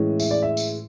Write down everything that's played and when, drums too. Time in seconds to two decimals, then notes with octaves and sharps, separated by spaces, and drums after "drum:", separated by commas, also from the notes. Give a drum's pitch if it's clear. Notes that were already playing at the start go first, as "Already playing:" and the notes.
Already playing: A2 E3 G#3 C#4
0.20 E5, drum: tambourine
0.31 D5
0.42 E5
0.57 drum: tambourine